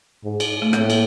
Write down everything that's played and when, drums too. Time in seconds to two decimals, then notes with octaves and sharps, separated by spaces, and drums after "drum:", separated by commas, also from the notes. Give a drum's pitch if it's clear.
0.24 G#2
0.40 drum: cymbal
0.62 A3
0.73 A2 A#3, drum: rim click
0.90 drum: cymbal